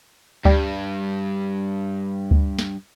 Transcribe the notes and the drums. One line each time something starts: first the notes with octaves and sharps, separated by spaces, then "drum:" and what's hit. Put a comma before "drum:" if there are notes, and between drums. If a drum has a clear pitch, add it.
G2 G3, drum: kick D2
drum: kick D2
drum: snare